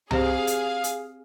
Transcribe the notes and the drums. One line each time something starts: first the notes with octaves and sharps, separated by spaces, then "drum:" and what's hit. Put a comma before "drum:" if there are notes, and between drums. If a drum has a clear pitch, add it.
C4 G4 G#4 C5 F5, drum: tom C2
drum: hi-hat
drum: hi-hat